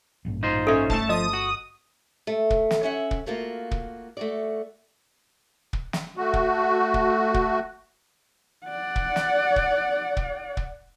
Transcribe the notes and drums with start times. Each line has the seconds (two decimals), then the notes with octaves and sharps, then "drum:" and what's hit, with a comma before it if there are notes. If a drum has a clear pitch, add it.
0.25 A1 G2 A#2
0.43 D#4 F4 C5
0.67 C#4 A4 E5
0.90 G1 A3 A5, drum: kick
1.09 F3 D#5 D#6
1.33 F#4
2.27 A3
2.50 drum: kick
2.71 drum: snare
2.83 C#4 E5 F#5
3.11 drum: kick
3.26 A3 A#3 F4 F#4
3.71 drum: kick
4.17 A3 F#4 D5
5.73 drum: kick
5.93 drum: snare
6.17 A3 F#4
6.34 drum: kick
6.94 drum: kick
7.34 drum: kick
8.66 D5 F#5
8.96 drum: kick
9.16 drum: snare
9.56 drum: kick
10.17 drum: kick
10.57 drum: kick